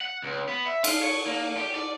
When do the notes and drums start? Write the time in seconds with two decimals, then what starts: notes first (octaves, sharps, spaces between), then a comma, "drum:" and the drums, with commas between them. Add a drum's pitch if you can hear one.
0.01 F#5
0.23 C#2
0.48 B3
0.66 E5
0.84 F5, drum: cymbal
1.02 C#5
1.27 A#3
1.57 G4
1.75 D5